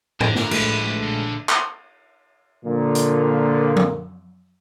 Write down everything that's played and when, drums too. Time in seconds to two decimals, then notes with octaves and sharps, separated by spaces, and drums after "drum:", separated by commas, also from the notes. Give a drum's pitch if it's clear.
0.21 D3 A#4, drum: tom G#2
0.36 drum: snare
0.51 A1 D2 F3 G#3 A3 B4 C#5, drum: cymbal
1.03 A#1 C#3
1.49 drum: clap
2.65 A#2 D3 F3 A#3
2.95 drum: hi-hat
3.76 drum: tom F3